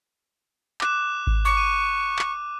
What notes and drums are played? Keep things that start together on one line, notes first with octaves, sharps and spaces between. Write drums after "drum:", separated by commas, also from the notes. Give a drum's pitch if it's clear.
D6 F#6 E7, drum: clap
drum: kick G#1
C#6 D6
D#7
drum: clap